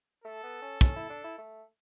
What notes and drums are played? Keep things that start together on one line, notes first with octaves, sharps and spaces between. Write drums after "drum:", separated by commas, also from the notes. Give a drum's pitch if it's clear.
A3 A4
B3
C#4
C#4, drum: kick
E4
D4
E4
A3